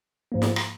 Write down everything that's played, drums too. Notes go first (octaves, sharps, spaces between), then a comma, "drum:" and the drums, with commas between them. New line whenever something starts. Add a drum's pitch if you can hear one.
G#2 F3 A#3
drum: snare
drum: rim click